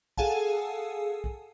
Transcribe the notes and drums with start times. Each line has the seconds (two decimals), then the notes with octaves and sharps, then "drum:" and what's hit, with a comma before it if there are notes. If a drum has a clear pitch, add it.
0.17 G#4 A4 F5 F#5 G#5 A5, drum: kick
1.24 drum: kick